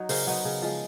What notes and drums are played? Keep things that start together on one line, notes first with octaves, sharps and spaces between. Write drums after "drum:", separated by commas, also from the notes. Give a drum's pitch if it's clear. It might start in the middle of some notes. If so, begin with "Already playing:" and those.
Already playing: F#3 D#4
C#3 A#4 C5, drum: open hi-hat
F#3 B3 D#4
C#3
F3 G#3